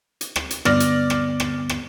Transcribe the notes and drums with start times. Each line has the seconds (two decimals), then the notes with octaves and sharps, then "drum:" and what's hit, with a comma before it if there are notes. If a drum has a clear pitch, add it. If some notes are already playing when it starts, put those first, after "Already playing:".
0.21 drum: hi-hat
0.36 drum: rim click
0.50 drum: hi-hat
0.65 G2 D3 B3 D5 F6 A#6, drum: rim click
0.80 drum: hi-hat
1.10 drum: rim click
1.40 drum: rim click
1.69 drum: rim click